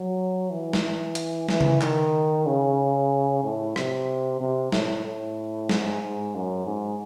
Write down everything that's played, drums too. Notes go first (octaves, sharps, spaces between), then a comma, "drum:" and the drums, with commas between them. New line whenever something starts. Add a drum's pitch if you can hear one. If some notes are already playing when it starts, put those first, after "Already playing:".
Already playing: F#3
E3
drum: snare
drum: hi-hat
E3, drum: snare
drum: tom C#3
D#3, drum: clap
C#3
A2
C3, drum: rim click
C3
A2, drum: snare
A2
G#2, drum: snare
G#2
F#2
G#2